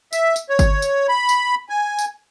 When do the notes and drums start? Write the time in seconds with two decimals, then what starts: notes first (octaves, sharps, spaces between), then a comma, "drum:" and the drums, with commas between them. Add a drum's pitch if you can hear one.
0.13 E5, drum: tambourine
0.36 drum: tambourine
0.50 C#5
0.59 drum: kick G1, tambourine
0.82 drum: tambourine
1.09 B5
1.29 drum: tambourine
1.69 G#5
1.99 drum: tambourine